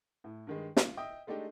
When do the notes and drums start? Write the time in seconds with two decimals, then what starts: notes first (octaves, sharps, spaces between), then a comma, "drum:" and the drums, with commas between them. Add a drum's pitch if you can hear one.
0.24 A2
0.47 G2 D#3 G#3
0.77 F4, drum: snare
0.97 D#5 E5 G5 D#6
1.27 G#3 A3 D4 D#4 G4